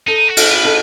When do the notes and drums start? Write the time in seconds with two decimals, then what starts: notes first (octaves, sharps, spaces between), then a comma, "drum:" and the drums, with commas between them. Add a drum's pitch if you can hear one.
0.07 D#4 A4
0.29 F#4
0.37 A4, drum: cymbal
0.51 B4
0.65 A4